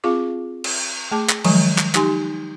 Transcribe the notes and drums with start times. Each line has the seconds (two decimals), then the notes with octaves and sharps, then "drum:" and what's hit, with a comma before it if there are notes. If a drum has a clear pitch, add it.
0.04 C4 F4 G#4 F5 D6
0.64 drum: cymbal
1.11 A3 G#4 A5 D6
1.30 drum: clap
1.45 D#3 F3 F#3 G#3 G#5, drum: cymbal
1.78 drum: clap
1.95 D#4 G4 G#5 C6, drum: clap